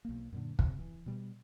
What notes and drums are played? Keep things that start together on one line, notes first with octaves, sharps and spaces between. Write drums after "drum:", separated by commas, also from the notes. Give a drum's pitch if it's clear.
B1 A#3
F#2 A#2 D3
C3, drum: kick
E3
B2 G3